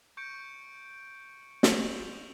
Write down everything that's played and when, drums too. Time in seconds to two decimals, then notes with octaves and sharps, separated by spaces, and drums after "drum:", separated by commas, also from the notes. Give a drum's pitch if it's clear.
0.17 C#6 G6 C#7 D7
1.63 C#6 F7 F#7, drum: snare